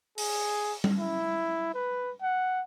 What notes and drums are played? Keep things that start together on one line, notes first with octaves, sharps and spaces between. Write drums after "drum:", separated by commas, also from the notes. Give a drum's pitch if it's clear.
G#4, drum: open hi-hat
drum: tom G3
E4
B4
F#5